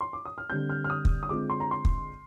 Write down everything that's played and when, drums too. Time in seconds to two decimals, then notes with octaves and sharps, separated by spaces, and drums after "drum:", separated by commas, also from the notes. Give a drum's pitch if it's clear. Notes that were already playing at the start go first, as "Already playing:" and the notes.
0.01 C6
0.13 D6
0.25 D#6
0.38 F6
0.49 D3 G3 C4 G6
0.70 F6
0.84 F6
0.90 D#6
1.05 drum: kick
1.23 D#6
1.29 D3 G#3 C4 F4 D6
1.50 C6
1.60 A#5
1.71 C6
1.85 drum: kick